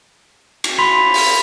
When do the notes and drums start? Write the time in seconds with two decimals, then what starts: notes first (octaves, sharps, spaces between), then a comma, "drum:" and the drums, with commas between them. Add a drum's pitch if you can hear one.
0.64 drum: cymbal
0.78 B5 C6 B6 F7
1.14 drum: open hi-hat